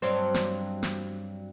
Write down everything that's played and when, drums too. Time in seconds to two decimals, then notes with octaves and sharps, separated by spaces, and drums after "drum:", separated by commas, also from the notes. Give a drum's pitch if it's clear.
0.02 G2 F#3 C4
0.34 drum: snare
0.83 drum: snare